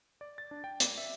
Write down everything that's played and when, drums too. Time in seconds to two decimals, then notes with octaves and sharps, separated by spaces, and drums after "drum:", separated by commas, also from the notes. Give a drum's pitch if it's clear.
0.21 D5
0.38 A6
0.51 D4
0.64 G5
0.80 D5, drum: hi-hat
0.98 E5